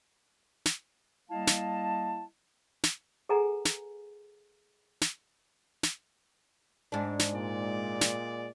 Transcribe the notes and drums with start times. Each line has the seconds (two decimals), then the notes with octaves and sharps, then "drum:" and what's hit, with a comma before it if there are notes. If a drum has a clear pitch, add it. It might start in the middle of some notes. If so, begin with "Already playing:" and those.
0.65 drum: snare
1.30 G3 A#3 E4 D#5 F5 A5
1.47 drum: snare
2.83 drum: snare
3.29 G#4 A4 B4 F#5 G#5 A#5
3.65 drum: snare
5.01 drum: snare
5.83 drum: snare
6.92 G#2 D4
7.19 drum: snare
7.34 A#2 G#3 D5
8.01 drum: snare